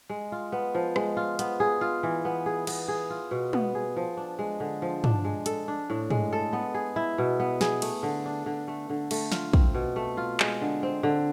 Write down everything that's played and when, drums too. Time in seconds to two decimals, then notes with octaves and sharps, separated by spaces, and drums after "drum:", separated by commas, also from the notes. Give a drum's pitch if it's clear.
0.09 G#3
0.32 F4
0.52 B3
0.75 F3
0.96 G#3, drum: rim click
1.17 F4
1.39 B3, drum: hi-hat
1.60 G#4
1.81 F4
2.03 E3
2.25 B3
2.46 G#4
2.67 B3, drum: cymbal
2.88 G#4
3.10 F4
3.31 B2
3.53 B3, drum: tom
3.75 G#4
3.96 F3
4.17 D4
4.39 G#3
4.60 D3
4.82 F3
5.04 D4, drum: tom
5.25 G#3
5.46 A4, drum: hi-hat
5.68 D4
5.90 A2
6.10 G#3, drum: tom
6.33 A4
6.53 B3
6.74 G#4
6.96 E4
7.18 B2
7.40 B3
7.61 G#4, drum: snare
7.82 A3, drum: cymbal
8.03 D3
8.26 D4
8.46 D3
8.68 A3
8.90 D3
9.11 A3, drum: cymbal
9.32 F4, drum: snare
9.53 C4, drum: kick
9.75 B2
9.96 A3
10.17 F4
10.40 G#3, drum: clap
10.61 D3
10.83 C4
11.03 D3